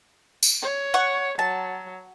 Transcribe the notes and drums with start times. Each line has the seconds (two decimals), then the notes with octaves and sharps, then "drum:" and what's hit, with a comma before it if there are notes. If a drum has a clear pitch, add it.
0.43 drum: tambourine
0.62 C#5
0.94 F#5 C#6
1.39 F#3 A5